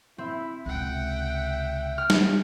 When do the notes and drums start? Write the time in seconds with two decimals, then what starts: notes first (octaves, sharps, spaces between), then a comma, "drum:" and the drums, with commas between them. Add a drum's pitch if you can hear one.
0.18 C4 E4
0.66 C#2 C3 E5 F#5 G5
1.98 F6
2.10 drum: snare